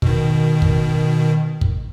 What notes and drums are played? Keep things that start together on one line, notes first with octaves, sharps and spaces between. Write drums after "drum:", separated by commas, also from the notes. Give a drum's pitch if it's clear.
B2 D#3, drum: kick
drum: kick
drum: kick